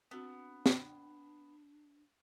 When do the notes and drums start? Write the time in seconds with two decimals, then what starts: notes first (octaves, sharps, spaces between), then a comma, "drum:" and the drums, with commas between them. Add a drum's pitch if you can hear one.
0.11 B3 C4 D4 F#4
0.66 drum: snare